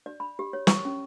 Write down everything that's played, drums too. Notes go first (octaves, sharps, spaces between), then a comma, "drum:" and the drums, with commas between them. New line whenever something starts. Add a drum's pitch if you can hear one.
D5
B5
G4
C#5
C#6, drum: snare
C#4